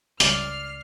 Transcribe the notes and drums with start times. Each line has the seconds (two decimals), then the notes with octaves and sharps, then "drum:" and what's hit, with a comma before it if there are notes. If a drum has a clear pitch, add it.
0.20 C#2 G3 C#4 D5 E5 F6 C7, drum: hi-hat